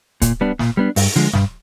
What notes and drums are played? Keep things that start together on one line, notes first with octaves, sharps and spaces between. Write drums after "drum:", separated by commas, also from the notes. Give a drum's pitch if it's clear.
A#2, drum: kick, hi-hat
G3 B3 D4
A#2, drum: snare
G3 B3 D4
G2, drum: open hi-hat
D3 F3 G#3
G2, drum: snare